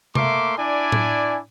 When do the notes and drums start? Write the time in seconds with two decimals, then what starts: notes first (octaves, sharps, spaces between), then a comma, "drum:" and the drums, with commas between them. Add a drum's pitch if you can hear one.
0.15 A3 A#3 E5 C6 D6, drum: tom C3
0.58 D4 E4 D5 G#5
0.92 drum: tom A2